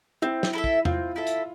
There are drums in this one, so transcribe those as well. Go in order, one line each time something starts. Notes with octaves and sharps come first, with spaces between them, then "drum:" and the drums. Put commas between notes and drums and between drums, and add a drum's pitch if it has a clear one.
C4 E4
drum: snare
E4 A4 E5
drum: kick
C4 F4, drum: tom E2
E4 A4 E5
drum: hi-hat